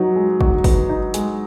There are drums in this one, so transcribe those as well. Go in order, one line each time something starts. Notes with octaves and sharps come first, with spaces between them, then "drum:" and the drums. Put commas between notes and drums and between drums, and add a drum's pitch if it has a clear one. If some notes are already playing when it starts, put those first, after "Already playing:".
Already playing: F#3 D#4 B4
G#3
F#4, drum: kick
B4, drum: kick, open hi-hat
D#4
G#3, drum: hi-hat